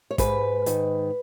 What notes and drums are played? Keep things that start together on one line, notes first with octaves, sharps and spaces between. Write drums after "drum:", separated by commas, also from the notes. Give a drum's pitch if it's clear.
C#5
G#2 B4, drum: kick, hi-hat
D#3, drum: hi-hat